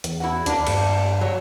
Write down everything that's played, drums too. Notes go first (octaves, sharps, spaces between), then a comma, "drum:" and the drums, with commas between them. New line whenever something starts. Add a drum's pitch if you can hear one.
E2, drum: hi-hat
E4 F#4 F#5
D#2 A#3 B3 D4, drum: hi-hat
G2, drum: cymbal
F#3 C#5